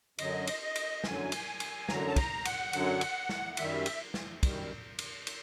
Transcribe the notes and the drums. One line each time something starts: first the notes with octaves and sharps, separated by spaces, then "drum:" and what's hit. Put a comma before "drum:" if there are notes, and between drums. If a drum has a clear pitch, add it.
F#2 D3 F#3 D#5, drum: cymbal
drum: cymbal
D#5
drum: cymbal
F#2 D3 F#3 G#5, drum: snare
drum: cymbal
drum: cymbal
F#2 D3 F#3 A#5, drum: snare
A5
A#5, drum: kick, cymbal
F#5, drum: cymbal
F#2 D3 F#3, drum: cymbal
drum: cymbal
drum: snare
F#2 D#3 G3 E5, drum: cymbal
drum: cymbal
drum: snare
F#2 D#3 G3, drum: kick, cymbal
drum: cymbal
drum: cymbal